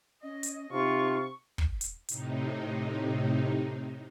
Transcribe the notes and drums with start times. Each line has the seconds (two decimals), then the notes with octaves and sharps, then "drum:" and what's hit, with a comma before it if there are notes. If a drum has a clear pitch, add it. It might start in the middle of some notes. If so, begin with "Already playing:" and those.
0.23 C#4 D#5
0.43 drum: hi-hat
0.72 C3 D#4 F4 C#6
1.58 drum: kick
1.81 drum: hi-hat
2.09 A2 C3 D#4, drum: hi-hat